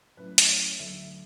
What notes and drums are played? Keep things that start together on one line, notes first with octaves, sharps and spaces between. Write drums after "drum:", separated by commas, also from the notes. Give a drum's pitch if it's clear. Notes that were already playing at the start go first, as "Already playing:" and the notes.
A2 F#3 A3 C#4 E4 B4
drum: hi-hat
C#5
D2 D3 F#3 E5